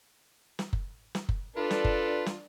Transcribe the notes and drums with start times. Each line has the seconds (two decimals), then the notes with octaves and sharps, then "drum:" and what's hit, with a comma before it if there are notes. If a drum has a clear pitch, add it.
0.59 drum: snare
0.73 drum: kick F#1
1.15 drum: snare
1.29 drum: kick F#1
1.57 D4 F4 A4 B4
1.71 drum: snare
1.84 drum: kick F#1
2.26 drum: snare